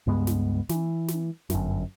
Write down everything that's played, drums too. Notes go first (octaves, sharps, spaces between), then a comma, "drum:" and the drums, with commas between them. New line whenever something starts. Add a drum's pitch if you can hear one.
C#2 G2 G#3 B3
drum: snare
E3, drum: snare
drum: snare
G1 F#2, drum: snare